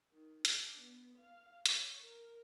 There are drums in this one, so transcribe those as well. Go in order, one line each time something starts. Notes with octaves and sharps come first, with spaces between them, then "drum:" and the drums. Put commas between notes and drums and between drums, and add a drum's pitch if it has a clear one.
D#3
D4, drum: hi-hat
B3
F5
C#5, drum: hi-hat
A#4